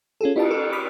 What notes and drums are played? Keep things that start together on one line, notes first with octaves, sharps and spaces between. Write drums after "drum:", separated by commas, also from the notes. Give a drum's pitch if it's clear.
C#4 F4 G#4 A4
E4 F4 A5, drum: cymbal
A4
B5 D6 D#6 F6 B6